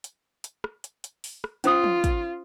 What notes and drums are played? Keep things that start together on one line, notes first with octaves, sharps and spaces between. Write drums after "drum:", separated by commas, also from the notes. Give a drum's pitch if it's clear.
drum: hi-hat
drum: hi-hat
drum: rim click
drum: hi-hat
drum: hi-hat
drum: open hi-hat
drum: rim click
C#4 F4 C5 D#6, drum: hi-hat
drum: tom
drum: kick, hi-hat